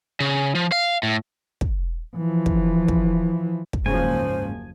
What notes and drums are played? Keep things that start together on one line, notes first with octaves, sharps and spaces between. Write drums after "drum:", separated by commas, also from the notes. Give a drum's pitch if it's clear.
C#3
F3
F5
A2
drum: kick
E3 F3
drum: kick
drum: kick
drum: kick
F#1 D#2 G#2 C#3 F3 C5 G#5